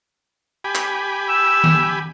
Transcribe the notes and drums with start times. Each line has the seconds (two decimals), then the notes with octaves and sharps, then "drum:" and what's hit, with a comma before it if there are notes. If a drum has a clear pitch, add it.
0.64 G4 G#5 B5
0.75 drum: clap
1.29 E6
1.64 drum: tom D#3